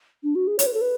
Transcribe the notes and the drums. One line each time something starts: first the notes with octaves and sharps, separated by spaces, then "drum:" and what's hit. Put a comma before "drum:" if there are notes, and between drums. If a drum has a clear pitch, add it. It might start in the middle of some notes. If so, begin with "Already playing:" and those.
D4
F#4
G#4
C#5, drum: hi-hat
B4
A4
B4